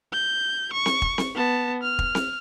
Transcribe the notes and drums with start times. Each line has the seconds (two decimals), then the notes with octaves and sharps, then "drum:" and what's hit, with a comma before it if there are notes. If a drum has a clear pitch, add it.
0.13 G6
0.73 C#6
0.86 drum: snare C4
1.02 drum: kick
1.18 drum: snare C4
1.35 B3 A5
1.82 F6
1.99 drum: kick
2.15 drum: snare C4